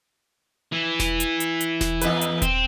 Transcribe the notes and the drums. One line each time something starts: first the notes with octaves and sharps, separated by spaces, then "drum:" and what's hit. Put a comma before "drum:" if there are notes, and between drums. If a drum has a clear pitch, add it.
E3 E4
drum: snare E1
drum: hi-hat
drum: hi-hat
drum: hi-hat
drum: snare E1
E2 B3 B4, drum: hi-hat
drum: hi-hat
C4, drum: kick D#1, hi-hat